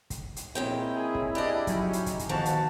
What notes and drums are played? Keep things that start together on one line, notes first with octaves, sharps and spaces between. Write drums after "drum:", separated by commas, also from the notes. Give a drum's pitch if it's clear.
drum: kick, hi-hat
drum: hi-hat
A#2 G#3 C4 E4 C#5 G5
G#4
drum: kick
D4 G4 D5 D#5
F#3 C#4 D#4 G#4, drum: kick, hi-hat
drum: hi-hat
drum: kick, hi-hat
drum: kick, hi-hat
B2 D#3 F3 F#4 A5
drum: hi-hat